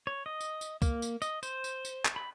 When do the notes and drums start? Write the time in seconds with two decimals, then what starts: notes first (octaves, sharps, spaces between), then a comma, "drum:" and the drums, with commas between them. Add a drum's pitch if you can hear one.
0.07 C#5
0.26 D#5
0.41 drum: tambourine
0.61 drum: tambourine
0.82 A#3, drum: kick, tambourine
1.02 drum: tambourine
1.22 D#5, drum: tambourine
1.43 C5, drum: tambourine
1.64 drum: tambourine
1.85 drum: tambourine
2.05 drum: clap
2.16 B5